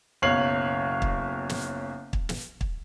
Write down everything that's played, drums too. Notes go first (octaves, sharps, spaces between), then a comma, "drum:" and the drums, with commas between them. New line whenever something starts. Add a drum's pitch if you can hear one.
F#1 B1 C#5 F5 C7 F#7
drum: kick
drum: snare
drum: kick
drum: snare
drum: kick